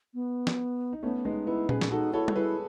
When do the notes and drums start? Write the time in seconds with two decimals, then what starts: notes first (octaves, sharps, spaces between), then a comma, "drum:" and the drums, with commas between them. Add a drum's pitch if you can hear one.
0.14 B3
0.47 drum: snare
0.93 D#4
1.03 A3 B3 C#4
1.25 G#3 B3 D#4
1.47 B3 D#4 E4
1.69 C#4 G#4 B4, drum: tom A#2
1.81 drum: snare
1.91 D#4 F#4 A4
2.13 E4 A4 C#5
2.28 C#5, drum: tom G3
2.36 E4 G#4 B4